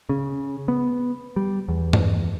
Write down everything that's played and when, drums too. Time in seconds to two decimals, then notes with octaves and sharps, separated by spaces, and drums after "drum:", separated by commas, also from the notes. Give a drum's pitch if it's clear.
0.09 C#3
0.68 B3
1.36 G3
1.68 E2
1.93 drum: tom G2